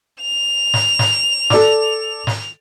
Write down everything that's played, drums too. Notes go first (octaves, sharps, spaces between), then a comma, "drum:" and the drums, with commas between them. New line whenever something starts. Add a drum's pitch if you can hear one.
F7
drum: snare
drum: snare
A4 D5 D6, drum: snare
drum: snare